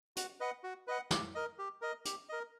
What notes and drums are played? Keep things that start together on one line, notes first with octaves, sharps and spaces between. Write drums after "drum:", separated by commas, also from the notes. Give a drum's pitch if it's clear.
F#4, drum: hi-hat
B4 D#5 F#5
F#4
B4 D#5 F#5
G4, drum: snare
A#4 D#5
G4
A#4 D#5
G4, drum: hi-hat
A#4 D#5